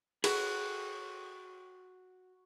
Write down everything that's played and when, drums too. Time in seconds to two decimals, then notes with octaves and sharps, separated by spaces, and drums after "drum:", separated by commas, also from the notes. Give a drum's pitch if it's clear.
0.24 F#4 G#4 B4, drum: cymbal